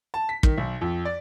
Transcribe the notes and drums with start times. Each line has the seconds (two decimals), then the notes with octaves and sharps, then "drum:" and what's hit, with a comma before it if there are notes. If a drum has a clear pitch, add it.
0.14 A5
0.29 B6
0.43 D#3, drum: kick
0.58 B1
0.81 F2
1.05 D5